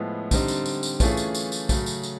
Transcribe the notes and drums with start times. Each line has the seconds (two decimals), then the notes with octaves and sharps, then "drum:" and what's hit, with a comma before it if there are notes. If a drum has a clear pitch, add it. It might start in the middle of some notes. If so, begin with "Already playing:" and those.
Already playing: A2 F3 G#3 B3
0.31 D3 G3 C4 D#4, drum: kick, tambourine
0.48 drum: tambourine
0.66 drum: tambourine
0.83 drum: tambourine
1.00 E3 A3 C#4 F4 G#4, drum: kick, tambourine
1.17 drum: tambourine
1.35 drum: tambourine
1.52 drum: tambourine
1.69 C#3 F#3 A3, drum: kick, tambourine
1.86 drum: tambourine
2.03 drum: tambourine